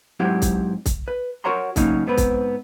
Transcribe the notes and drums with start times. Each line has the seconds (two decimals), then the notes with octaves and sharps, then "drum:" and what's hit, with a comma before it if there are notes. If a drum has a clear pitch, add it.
0.20 G#2 F#3 C4 E4 G4 F#5
0.42 drum: kick, hi-hat
0.86 drum: kick, hi-hat
1.08 B4
1.44 F#4 A#4 C#5 F#5 A#5 C6
1.76 C#3 F#3 A3 A#3 C#4 D#4, drum: kick, hi-hat
2.07 G#2 B3 C4 B4
2.17 drum: kick, hi-hat